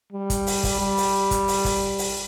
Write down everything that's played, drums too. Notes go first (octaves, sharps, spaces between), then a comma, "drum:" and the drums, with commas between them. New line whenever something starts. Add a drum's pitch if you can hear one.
G3
drum: kick, hi-hat
drum: open hi-hat
drum: kick, open hi-hat
G3
drum: open hi-hat
drum: kick, hi-hat
drum: open hi-hat
drum: kick, open hi-hat
drum: open hi-hat